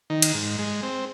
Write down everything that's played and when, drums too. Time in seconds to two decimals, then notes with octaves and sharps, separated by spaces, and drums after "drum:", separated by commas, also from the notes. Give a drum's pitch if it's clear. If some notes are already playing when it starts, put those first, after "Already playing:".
0.10 D#3
0.22 drum: cymbal
0.34 G#2
0.59 G#3
0.83 C4